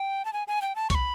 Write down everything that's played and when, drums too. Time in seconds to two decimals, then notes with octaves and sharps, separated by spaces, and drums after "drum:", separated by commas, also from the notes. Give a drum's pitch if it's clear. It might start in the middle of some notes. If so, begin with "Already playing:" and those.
Already playing: G5
0.25 A5
0.33 G#5
0.48 G#5
0.62 G5
0.76 A5
0.90 C#6, drum: kick C2, hi-hat
0.95 B5